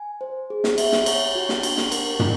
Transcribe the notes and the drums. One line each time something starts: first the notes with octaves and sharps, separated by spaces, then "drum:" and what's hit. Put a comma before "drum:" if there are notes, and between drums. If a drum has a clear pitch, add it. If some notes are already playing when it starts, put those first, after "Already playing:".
Already playing: G#5
C5
G#4
drum: snare
E5, drum: cymbal
drum: snare
C#5, drum: cymbal
F#4
drum: snare
D4, drum: cymbal
drum: snare
A#4, drum: cymbal
A3, drum: tom